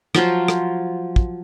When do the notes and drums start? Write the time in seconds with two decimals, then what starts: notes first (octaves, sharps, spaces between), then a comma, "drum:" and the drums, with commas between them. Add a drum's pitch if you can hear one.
0.15 F3 F#3 F4 C5, drum: rim click
0.48 drum: rim click
1.16 drum: kick